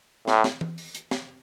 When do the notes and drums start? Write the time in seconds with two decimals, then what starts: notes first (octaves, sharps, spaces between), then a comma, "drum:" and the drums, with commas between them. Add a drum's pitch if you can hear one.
0.28 A2, drum: snare
0.44 drum: snare
0.61 drum: tom E3
0.78 drum: open hi-hat
0.95 drum: hi-hat
1.11 drum: snare